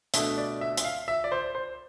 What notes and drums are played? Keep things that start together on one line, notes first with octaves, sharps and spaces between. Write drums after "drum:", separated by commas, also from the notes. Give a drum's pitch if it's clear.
B2 A3 D4 E5, drum: hi-hat
D5
E5
E5, drum: hi-hat
F5
E5
D5
C5
C5